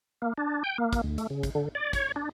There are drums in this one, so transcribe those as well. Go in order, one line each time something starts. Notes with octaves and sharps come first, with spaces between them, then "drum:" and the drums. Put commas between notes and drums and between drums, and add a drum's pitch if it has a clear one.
A#3
D4
G5
A#3
drum: kick, hi-hat
D2
A3, drum: hi-hat
C#3
drum: kick, hi-hat
D3
D5
C#5, drum: kick, hi-hat
D4